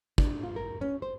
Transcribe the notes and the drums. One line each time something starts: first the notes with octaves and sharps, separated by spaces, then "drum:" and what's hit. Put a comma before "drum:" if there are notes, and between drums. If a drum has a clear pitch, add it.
D4, drum: kick
F4
A#4
C#4
C5